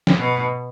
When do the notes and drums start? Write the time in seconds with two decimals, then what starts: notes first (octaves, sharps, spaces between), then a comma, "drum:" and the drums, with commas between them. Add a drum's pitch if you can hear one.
0.07 drum: snare
0.19 B2